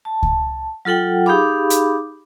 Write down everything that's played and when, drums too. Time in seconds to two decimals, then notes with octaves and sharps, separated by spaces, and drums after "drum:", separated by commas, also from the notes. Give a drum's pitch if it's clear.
0.05 A5
0.23 drum: kick C#2
0.85 F#3 F4 A4 F#5 G5
1.26 D#4 G4 G#4 F5 B5 D6
1.70 drum: hi-hat